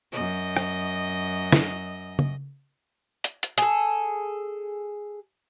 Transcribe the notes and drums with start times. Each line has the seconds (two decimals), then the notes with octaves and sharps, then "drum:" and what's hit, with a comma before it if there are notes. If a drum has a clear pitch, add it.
0.12 F#2 D#5
0.57 drum: rim click
1.52 drum: snare
2.19 drum: tom C#3
3.24 drum: hi-hat
3.43 drum: hi-hat
3.58 G#4 A4, drum: hi-hat